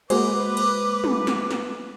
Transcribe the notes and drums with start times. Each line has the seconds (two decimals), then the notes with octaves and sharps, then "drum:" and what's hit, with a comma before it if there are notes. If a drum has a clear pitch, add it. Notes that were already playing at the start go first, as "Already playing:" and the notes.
0.10 G#3 A#3 F#4 B4 C5 D6, drum: cymbal
0.57 drum: cymbal
1.04 drum: tom
1.27 drum: snare
1.51 drum: snare